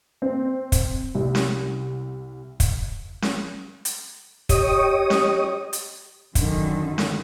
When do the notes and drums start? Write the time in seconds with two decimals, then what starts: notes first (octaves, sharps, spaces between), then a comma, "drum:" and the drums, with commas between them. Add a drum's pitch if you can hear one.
0.22 C4
0.72 drum: kick, hi-hat
1.15 C2
1.35 drum: snare C#4
2.60 drum: kick, hi-hat
3.22 drum: snare C#4
3.85 drum: hi-hat
4.49 G4 C#5 D#5 D#6, drum: kick, hi-hat
5.10 drum: snare C#4
5.73 drum: hi-hat
6.35 F#2 D3 D#3, drum: kick, hi-hat
6.98 drum: snare C#4